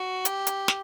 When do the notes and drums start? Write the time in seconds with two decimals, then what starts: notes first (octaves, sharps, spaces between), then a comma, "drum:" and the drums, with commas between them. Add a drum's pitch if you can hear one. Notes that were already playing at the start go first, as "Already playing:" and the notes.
Already playing: F#4
0.25 G4, drum: hi-hat
0.47 drum: hi-hat
0.68 drum: snare